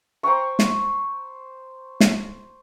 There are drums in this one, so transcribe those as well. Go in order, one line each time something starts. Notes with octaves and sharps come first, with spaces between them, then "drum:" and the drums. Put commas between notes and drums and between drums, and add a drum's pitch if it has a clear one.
C5 G5 A#5 C#6
drum: snare
drum: snare